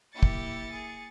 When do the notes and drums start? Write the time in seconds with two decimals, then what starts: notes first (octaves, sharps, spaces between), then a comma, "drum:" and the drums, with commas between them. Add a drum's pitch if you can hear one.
0.14 A#3 E4 G4 A6 C#7
0.23 drum: kick
0.71 G#4